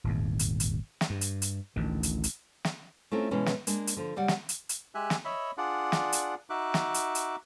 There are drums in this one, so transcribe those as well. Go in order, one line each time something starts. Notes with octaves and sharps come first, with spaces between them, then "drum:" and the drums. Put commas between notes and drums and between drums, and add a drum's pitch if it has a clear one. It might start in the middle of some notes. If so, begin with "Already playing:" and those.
D#1 G#1 E2
drum: hi-hat
drum: hi-hat
drum: snare
G2
drum: hi-hat
drum: hi-hat
A1 D2 D#3
drum: hi-hat
drum: hi-hat
drum: snare
A3 C4 C#4 E4 F4 A#4
B2 E3 G#3 C#4
drum: snare
G#3 A#3 D4, drum: hi-hat
drum: hi-hat
D3 F3
C#3 G3 D5 F#5
drum: snare
drum: hi-hat
drum: hi-hat
G#3 G4 E5 G#5 F#6
drum: snare
C#5 D#5 E5 B5
D4 F4 G#4 D5 F#5
drum: snare
drum: hi-hat
D#4 F#4 E5 D6 F#6
drum: snare
drum: hi-hat
drum: hi-hat